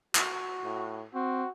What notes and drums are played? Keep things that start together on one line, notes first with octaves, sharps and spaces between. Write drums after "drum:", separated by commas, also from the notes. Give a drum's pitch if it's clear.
F#4, drum: clap
A2
C4 F#4